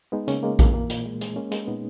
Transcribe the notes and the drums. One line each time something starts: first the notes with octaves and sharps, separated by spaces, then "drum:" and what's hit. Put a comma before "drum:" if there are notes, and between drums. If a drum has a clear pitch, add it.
G#3 B3 D#4
C#3 A#3 C#4, drum: hi-hat
G#3 A#3
E3 A#3, drum: kick A#1, hi-hat
A#2 A#3
A#2, drum: hi-hat
G#3
G#3, drum: hi-hat
G#3 A#3 C#4
G#3, drum: hi-hat
A#2 B3 D#4